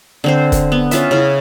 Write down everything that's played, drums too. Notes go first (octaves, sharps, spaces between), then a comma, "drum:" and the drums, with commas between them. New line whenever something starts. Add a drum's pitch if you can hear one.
D3 C4 C5
drum: kick, hi-hat
B3
C#4 F4 E5, drum: hi-hat
C#3 E4